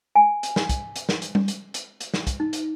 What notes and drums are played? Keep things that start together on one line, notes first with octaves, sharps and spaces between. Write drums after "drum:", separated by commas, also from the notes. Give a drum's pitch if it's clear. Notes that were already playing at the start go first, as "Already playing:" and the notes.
G#5
drum: hi-hat
drum: snare
drum: kick, hi-hat
drum: hi-hat
drum: snare
drum: hi-hat
drum: tom G3
drum: hi-hat
drum: hi-hat
drum: hi-hat
drum: snare
drum: kick, hi-hat
D#4
drum: hi-hat